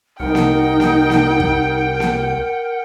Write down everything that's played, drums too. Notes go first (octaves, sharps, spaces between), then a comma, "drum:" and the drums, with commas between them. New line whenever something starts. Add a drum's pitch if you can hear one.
C2 D#4 A#4 F#5 G5
drum: snare A#3
drum: snare A#3
drum: snare A#3
drum: kick
drum: snare A#3